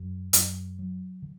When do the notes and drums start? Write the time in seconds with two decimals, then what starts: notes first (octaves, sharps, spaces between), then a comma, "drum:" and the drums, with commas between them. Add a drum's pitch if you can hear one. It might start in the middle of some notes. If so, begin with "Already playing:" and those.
Already playing: F#2
0.33 F#2, drum: hi-hat
0.79 F#3
1.22 D3